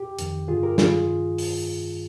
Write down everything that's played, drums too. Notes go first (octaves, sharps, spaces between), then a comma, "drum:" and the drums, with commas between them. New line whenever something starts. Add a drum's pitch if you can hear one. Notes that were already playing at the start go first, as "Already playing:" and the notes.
Already playing: G4
F2 D#3, drum: hi-hat
G2 D3 F4 G#4
G4 A#4
G2 D#3 F4 G#4, drum: snare
drum: open hi-hat